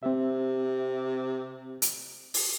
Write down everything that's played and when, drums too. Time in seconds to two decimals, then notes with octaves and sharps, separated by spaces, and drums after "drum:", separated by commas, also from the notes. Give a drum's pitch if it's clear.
0.03 C3 C4 E5
1.82 drum: hi-hat
2.34 drum: open hi-hat